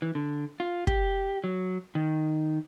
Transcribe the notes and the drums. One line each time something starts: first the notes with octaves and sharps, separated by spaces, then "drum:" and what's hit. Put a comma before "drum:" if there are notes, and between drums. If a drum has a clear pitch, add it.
E3
D3
F4
G4, drum: kick
F#3
D#3